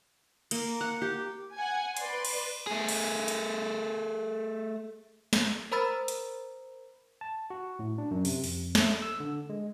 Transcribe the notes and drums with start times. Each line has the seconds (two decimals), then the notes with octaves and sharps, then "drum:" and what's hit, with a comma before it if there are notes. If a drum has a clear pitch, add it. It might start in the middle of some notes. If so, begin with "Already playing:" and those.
0.51 A#3, drum: cymbal
0.81 F#5
1.02 G4
1.55 F#5 G#5
1.97 B4 D5 C6, drum: hi-hat
2.25 drum: cymbal
2.67 A3 G#4
2.89 drum: cymbal
3.28 drum: hi-hat
5.33 drum: snare
5.72 A#4 C5 A#5 B5 E6 A6
6.08 drum: hi-hat
7.21 A5
7.50 F#4
7.79 A2
7.98 D4
8.11 F#2
8.25 C3, drum: open hi-hat
8.44 F2, drum: open hi-hat
8.75 A3, drum: snare
9.02 E6
9.20 D3
9.50 G#3